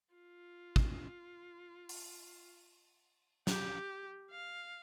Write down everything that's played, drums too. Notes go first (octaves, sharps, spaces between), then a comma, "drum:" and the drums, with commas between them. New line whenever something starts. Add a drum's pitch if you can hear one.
F4
drum: kick
drum: open hi-hat
G4, drum: snare
F5